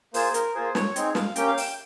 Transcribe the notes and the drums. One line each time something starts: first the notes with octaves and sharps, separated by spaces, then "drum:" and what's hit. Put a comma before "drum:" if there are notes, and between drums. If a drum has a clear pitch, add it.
A#3 F4 G#4 C5, drum: open hi-hat
A#4, drum: hi-hat
A#3 F4 G#4 C5
C#5, drum: snare
C4 D#4 G#4, drum: hi-hat
F5, drum: snare
A#3 C#4 G4 G5, drum: hi-hat
F5
G5, drum: open hi-hat